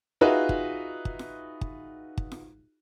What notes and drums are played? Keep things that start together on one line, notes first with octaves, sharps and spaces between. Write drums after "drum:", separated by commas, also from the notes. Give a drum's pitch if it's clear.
D#4 F4 F#4 G#4 B4 E5
drum: kick
drum: kick
drum: snare F4
drum: kick
drum: kick
drum: snare F4